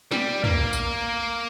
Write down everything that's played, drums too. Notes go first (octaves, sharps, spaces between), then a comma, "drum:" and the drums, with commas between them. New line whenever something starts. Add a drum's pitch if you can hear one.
G3, drum: snare
A#3, drum: tom
drum: tambourine